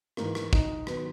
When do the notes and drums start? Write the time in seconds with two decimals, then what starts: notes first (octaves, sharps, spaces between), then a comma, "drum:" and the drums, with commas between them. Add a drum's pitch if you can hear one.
0.17 G#2 E3 A#3, drum: rim click
0.35 drum: rim click
0.53 D#4, drum: kick
0.87 D#3 F#3 B3, drum: rim click